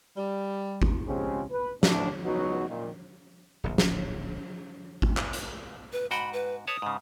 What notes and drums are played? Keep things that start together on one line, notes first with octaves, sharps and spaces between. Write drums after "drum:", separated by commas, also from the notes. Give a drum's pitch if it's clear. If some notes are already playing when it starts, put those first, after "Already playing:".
G3
drum: kick G#1
C#3 F3 G#3 C4 C#4 G4
B4
A1 D2 A2 C3 D4, drum: snare
C#2 F#3 B3 D#4 F#4
A#2 D#3
D1 A#1
drum: snare
drum: kick G#1
drum: clap
drum: hi-hat
B4
G#2 F#4 G5 B5
B4
B4 C#5 A5 D#6
G#2 C#3